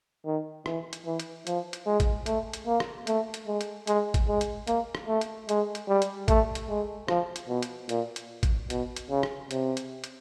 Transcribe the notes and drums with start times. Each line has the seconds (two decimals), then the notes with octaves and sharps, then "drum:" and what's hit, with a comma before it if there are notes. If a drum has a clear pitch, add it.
0.26 D#3
0.66 E3, drum: rim click
0.93 drum: hi-hat
1.06 E3
1.20 drum: hi-hat
1.47 F3, drum: hi-hat
1.73 drum: hi-hat
1.86 G#3
2.00 drum: kick, hi-hat
2.26 A3, drum: hi-hat
2.53 drum: hi-hat
2.66 A#3
2.80 drum: rim click
3.07 A3, drum: hi-hat
3.34 drum: hi-hat
3.47 G#3
3.61 drum: hi-hat
3.87 G#3, drum: hi-hat
4.14 drum: kick, hi-hat
4.28 G#3
4.41 drum: hi-hat
4.67 A#3, drum: hi-hat
4.95 drum: rim click
5.08 A3
5.21 drum: hi-hat
5.49 G#3, drum: hi-hat
5.75 drum: hi-hat
5.88 G3
6.02 drum: hi-hat
6.28 A3, drum: kick, hi-hat
6.55 drum: hi-hat
6.69 G#3
7.08 F3, drum: rim click
7.36 drum: hi-hat
7.49 B2
7.63 drum: hi-hat
7.89 A#2, drum: hi-hat
8.16 drum: hi-hat
8.43 drum: kick, hi-hat
8.70 B2, drum: hi-hat
8.96 drum: hi-hat
9.10 C#3
9.23 drum: rim click
9.51 C3, drum: hi-hat
9.77 drum: hi-hat
10.04 drum: hi-hat